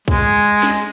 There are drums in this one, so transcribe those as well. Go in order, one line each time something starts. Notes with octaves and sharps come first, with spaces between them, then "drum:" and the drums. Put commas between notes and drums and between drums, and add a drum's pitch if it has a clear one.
G#3, drum: kick C2
drum: snare